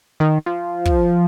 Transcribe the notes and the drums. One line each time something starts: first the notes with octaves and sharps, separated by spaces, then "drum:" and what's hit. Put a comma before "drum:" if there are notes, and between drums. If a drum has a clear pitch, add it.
D#3
F3
drum: kick